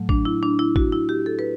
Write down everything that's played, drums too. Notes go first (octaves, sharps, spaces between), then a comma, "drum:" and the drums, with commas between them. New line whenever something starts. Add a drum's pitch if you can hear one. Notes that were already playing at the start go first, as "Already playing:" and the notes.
Already playing: A2 F#3 A3
D4, drum: kick
E4
D4
E4
F#4, drum: kick
E4
G4
A4
B4